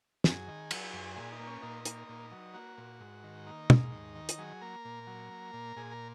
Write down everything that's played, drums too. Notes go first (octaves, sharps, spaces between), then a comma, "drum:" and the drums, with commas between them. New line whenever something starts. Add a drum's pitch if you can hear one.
F#2 G#4, drum: snare
D#3
F#3, drum: cymbal
F#2
A#2 G#4
D#4
A#3
C#4
A#2 D#4
A#3, drum: hi-hat
A#2
F#3
A#3 F#4
A#2
G#2
D#3
A#3 D#4
G#2, drum: tom
D#2
D#3
drum: hi-hat
F#3 G#4
A#3 A#4
A#2
F#3
A#3
A#2
A#2 G#4
A#4